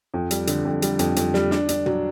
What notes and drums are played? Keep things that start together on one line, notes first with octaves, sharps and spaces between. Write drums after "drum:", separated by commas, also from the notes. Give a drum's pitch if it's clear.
F2
G3, drum: hi-hat
D3, drum: hi-hat
F2
G3, drum: hi-hat
F2, drum: hi-hat
F2, drum: hi-hat
G3, drum: snare
D4, drum: snare
D4, drum: hi-hat
F#3, drum: tom